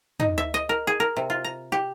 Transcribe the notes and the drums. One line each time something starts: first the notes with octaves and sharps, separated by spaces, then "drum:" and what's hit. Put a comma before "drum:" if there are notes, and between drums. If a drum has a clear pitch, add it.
D#4, drum: tom
E5
D#5
A#4
G#4
A#4
C3
F4
A#5
G4